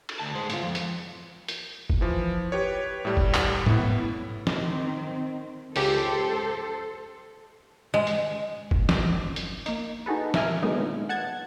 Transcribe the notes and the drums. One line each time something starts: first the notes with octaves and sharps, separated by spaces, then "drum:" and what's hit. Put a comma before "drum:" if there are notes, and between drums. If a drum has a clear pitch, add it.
drum: cymbal
D2 A5
G#3 C5
G#2 F4, drum: hi-hat
F2
drum: hi-hat
drum: hi-hat
drum: kick F#1
E3 F3
G4 B4 C#5
A2 G3
drum: kick F#1
drum: clap
A2 B3 E4, drum: tom
D#3 C4, drum: snare
C#2 G4 A4 C5, drum: open hi-hat
G#3
drum: hi-hat
drum: kick F#1
drum: snare
drum: hi-hat
A#3 D#4, drum: hi-hat
D#4 F#4 G#4 A4 B4
A#4 E5 G#5 F6, drum: snare
D3 D#3 F#3 G#3 B3 D#4
A#2 D3 D#3
F#5 A5 G#6